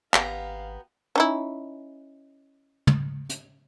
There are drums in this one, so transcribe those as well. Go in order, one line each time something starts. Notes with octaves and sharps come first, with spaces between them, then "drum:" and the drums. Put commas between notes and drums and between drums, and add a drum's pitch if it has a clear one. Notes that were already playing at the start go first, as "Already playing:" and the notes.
G#1 B3 G4 F5 A#5, drum: clap
C#4 D#4 E4
drum: tom
drum: hi-hat